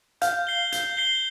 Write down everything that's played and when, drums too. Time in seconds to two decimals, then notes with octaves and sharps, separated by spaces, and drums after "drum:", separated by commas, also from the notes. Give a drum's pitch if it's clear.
0.21 F5 G6, drum: hi-hat
0.47 C7 G7
0.72 G6, drum: hi-hat
0.97 C7 G7